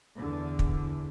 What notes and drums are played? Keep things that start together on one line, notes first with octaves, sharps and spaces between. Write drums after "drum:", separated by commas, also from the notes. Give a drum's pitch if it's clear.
E2 D3
drum: kick